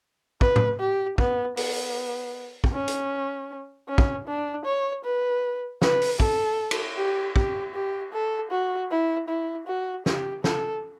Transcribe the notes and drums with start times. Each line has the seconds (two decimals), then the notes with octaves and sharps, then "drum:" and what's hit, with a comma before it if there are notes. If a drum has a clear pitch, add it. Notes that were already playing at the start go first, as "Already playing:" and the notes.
0.41 B4, drum: kick
0.56 drum: tom A2
0.80 G4
1.18 B3, drum: kick
1.57 B3, drum: open hi-hat
2.64 drum: kick
2.73 C#4
2.88 drum: hi-hat
3.89 C#4
3.98 drum: kick
4.27 D4
4.66 C#5
5.04 B4
5.82 B4, drum: snare
6.02 drum: open hi-hat
6.20 A4, drum: kick
6.71 drum: cymbal
6.97 G4
7.36 G4, drum: kick
7.74 G4
8.13 A4
8.51 F#4
8.90 E4
9.28 E4
9.67 F#4
10.06 G4, drum: snare
10.44 A4, drum: snare